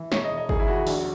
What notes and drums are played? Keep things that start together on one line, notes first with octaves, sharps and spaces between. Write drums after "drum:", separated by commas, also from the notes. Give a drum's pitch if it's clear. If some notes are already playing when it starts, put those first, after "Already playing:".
Already playing: E3
E1 C#5, drum: snare
D#5
E1
D#5
E1 G#4, drum: kick
E4
D#2 F#4
A#1, drum: open hi-hat